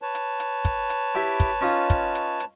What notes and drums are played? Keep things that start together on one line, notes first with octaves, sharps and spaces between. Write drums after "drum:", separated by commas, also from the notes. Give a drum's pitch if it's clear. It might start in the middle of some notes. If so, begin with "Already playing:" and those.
B4 C#5 A5
drum: hi-hat
drum: hi-hat
drum: kick, hi-hat
drum: hi-hat
E4 G4 E5
drum: kick, hi-hat
C#4 D#4 F4
drum: kick, hi-hat
drum: hi-hat
drum: hi-hat